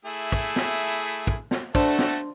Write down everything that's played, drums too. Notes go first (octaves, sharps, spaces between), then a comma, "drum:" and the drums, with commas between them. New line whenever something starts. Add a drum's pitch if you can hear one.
A3 E4 G#4
drum: kick
drum: snare
drum: kick
drum: snare
A3 D4 F#4 A4 C5, drum: kick
drum: snare